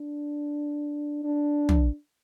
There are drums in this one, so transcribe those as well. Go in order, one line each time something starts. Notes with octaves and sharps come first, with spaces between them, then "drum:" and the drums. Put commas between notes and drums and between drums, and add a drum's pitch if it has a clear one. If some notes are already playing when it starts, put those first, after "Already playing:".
Already playing: D4
D4
drum: tom